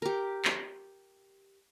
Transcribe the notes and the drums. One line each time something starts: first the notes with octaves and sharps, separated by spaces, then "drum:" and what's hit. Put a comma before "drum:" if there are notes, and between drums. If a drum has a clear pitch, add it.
G4 A#4
drum: clap